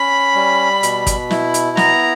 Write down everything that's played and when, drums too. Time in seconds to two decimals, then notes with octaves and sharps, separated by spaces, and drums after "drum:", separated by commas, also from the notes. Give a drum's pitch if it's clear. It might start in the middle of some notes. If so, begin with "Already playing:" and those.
Already playing: C#4 B5
0.35 G3
0.83 B2, drum: hi-hat
1.07 drum: kick, hi-hat
1.31 E4, drum: snare
1.54 drum: hi-hat
1.77 B3 A#5, drum: snare